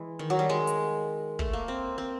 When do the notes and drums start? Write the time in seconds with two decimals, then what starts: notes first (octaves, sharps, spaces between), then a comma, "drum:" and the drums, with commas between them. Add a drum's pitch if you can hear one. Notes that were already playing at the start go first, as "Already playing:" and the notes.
Already playing: E3 G#3
0.19 D#3
0.30 F#3
0.39 G3
0.49 G#3
0.67 drum: hi-hat
1.39 A3, drum: kick
1.53 A#3
1.68 C4
1.98 C4